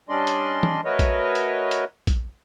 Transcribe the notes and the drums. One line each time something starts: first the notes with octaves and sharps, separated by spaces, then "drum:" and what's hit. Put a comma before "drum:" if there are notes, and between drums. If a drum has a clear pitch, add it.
G3 C#4 D4 D5 D#5 C6
drum: hi-hat
drum: tom
A3 F#4 A#4 B4 C#5 D#5
drum: kick A#1, hi-hat
drum: hi-hat
drum: hi-hat
drum: kick A#1, hi-hat